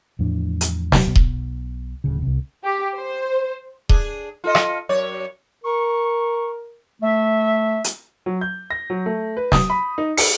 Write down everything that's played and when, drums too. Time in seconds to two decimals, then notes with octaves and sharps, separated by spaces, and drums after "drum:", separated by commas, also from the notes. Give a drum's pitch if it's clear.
0.19 E2 A2 F3 D4
0.61 drum: hi-hat
0.92 drum: snare
1.05 B1 B2
1.15 drum: kick D#1
2.04 D1 C#3
2.22 C2 C3
2.64 G4
2.96 C5
3.89 D4 G#4, drum: kick D#1
4.44 F4 A4 D#5
4.55 drum: rim click
4.89 F#2 C#5 D5
5.64 A#4 C#6
7.02 A3 E5
7.84 drum: hi-hat
8.26 F#3
8.41 G6
8.71 A#6
8.90 F#3
9.06 A3
9.37 B4
9.52 D#6, drum: snare
9.70 B5
9.98 D#4
10.17 C#7, drum: open hi-hat